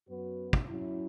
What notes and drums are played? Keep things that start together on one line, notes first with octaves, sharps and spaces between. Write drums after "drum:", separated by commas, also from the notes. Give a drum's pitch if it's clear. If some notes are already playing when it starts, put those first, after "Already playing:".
F#2 F#3 B3 F#4 B4
drum: kick
F#3 C#4 E4